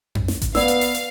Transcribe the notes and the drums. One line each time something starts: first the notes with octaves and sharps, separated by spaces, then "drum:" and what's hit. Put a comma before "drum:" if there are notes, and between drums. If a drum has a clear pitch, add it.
drum: tom F2
drum: snare
drum: kick A1, hi-hat
B3 B4 D5 F5 E6, drum: snare
drum: hi-hat
drum: open hi-hat
drum: hi-hat